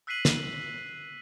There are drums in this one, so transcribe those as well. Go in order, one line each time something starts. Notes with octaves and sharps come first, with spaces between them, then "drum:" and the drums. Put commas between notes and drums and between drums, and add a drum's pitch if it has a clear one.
E6 F#6 B6 C7 D#7 F#7
drum: snare